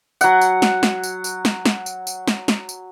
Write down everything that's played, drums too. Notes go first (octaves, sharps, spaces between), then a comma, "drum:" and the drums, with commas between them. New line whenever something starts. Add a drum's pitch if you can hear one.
F#3 F#5, drum: tambourine
drum: tambourine
drum: snare
drum: snare
drum: tambourine
drum: tambourine
drum: snare
drum: snare
drum: tambourine
drum: tambourine
drum: snare
drum: snare
drum: tambourine